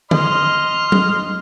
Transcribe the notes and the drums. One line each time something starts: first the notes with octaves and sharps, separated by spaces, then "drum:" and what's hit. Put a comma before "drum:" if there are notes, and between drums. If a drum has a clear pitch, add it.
D#5 C6 F6, drum: tom D3
drum: tom F#3